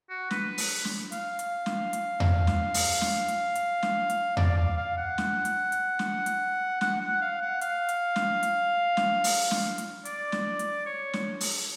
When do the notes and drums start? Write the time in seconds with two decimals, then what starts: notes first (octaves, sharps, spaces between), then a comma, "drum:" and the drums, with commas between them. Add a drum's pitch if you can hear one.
0.10 F#4
0.31 B4, drum: snare
0.58 drum: open hi-hat
0.85 drum: snare
1.12 F5, drum: hi-hat
1.39 drum: hi-hat
1.66 drum: snare
1.93 drum: hi-hat
2.20 drum: tom E2
2.47 drum: snare
2.74 drum: open hi-hat
3.01 drum: snare
3.28 drum: hi-hat
3.55 drum: hi-hat
3.83 drum: snare
4.10 drum: hi-hat
4.37 D5, drum: tom E2
4.57 F5
4.77 F5
4.97 F#5
5.18 drum: snare
5.45 drum: hi-hat
5.72 drum: hi-hat
5.99 drum: snare
6.26 drum: hi-hat
6.81 F#5, drum: snare
7.01 F#5
7.21 F5
7.41 F#5
7.61 F5, drum: hi-hat
7.89 drum: hi-hat
8.16 drum: snare
8.43 drum: hi-hat
8.97 drum: snare
9.24 drum: open hi-hat
9.51 drum: snare
9.78 drum: hi-hat
10.05 D5, drum: hi-hat
10.32 drum: snare
10.59 drum: hi-hat
10.86 C#5
11.13 drum: snare
11.41 drum: open hi-hat